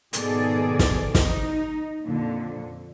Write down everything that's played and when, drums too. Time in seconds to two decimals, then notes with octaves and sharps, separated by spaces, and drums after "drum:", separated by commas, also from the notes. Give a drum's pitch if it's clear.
0.13 G#2 B2 D#3 G#4 A4 D5, drum: hi-hat
0.79 drum: snare
1.15 D#4, drum: snare
2.04 F2 A#2 D3